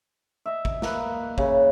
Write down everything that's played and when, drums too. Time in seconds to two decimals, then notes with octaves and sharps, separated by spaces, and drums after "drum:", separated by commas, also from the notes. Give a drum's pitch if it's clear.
0.46 D#5 E5
0.65 drum: kick
0.82 A#3 B4, drum: snare
1.38 C#3, drum: kick